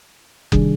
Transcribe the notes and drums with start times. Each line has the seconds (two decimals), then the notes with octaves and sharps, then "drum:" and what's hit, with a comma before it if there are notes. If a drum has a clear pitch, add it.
0.52 C3 D#3 G3 D4 G#4, drum: kick F#1